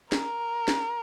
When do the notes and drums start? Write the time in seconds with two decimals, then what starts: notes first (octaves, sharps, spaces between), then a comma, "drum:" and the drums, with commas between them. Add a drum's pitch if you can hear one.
0.12 A#4, drum: snare
0.68 drum: snare